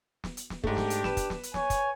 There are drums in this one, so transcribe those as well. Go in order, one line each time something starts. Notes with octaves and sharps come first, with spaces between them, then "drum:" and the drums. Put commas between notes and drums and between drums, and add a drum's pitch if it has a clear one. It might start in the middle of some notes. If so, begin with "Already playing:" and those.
drum: snare
drum: hi-hat
drum: snare
G#2 A3 D4 G4, drum: kick
drum: snare
drum: hi-hat
B4 E7, drum: snare
drum: kick, hi-hat
drum: snare
drum: hi-hat
C#5 G#5, drum: snare
drum: kick, hi-hat